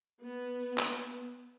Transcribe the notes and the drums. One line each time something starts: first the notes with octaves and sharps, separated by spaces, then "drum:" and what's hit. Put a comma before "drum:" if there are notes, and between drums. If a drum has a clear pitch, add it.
B3
drum: clap